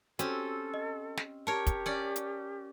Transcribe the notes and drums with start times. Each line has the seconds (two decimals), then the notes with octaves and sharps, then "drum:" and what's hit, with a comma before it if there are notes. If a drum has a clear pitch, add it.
0.19 C4 C#4 F#4 G4 A4, drum: hi-hat
0.74 D#5
1.17 drum: snare
1.47 G4 A#4 C#5 A5
1.67 drum: kick, hi-hat
1.86 C#4 D5
2.16 drum: hi-hat